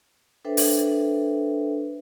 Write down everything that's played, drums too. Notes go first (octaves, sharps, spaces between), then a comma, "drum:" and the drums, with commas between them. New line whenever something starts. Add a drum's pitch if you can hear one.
D4 A4 B4 C5 E5 G5
drum: open hi-hat